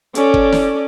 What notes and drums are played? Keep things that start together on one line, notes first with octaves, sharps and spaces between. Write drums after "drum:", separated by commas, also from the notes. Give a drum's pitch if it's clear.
C#4 A4 D5, drum: hi-hat
drum: kick
drum: snare